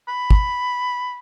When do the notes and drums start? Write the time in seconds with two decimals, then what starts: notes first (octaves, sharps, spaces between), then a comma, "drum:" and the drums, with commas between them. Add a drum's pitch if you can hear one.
0.08 B5
0.30 drum: kick